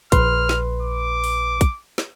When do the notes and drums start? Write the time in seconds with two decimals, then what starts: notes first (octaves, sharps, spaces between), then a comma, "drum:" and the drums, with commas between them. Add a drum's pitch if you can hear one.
0.12 A#1 B4 C6 F6, drum: kick, hi-hat
0.49 drum: snare
0.82 D6
1.24 drum: open hi-hat
1.61 drum: kick, hi-hat
1.98 drum: snare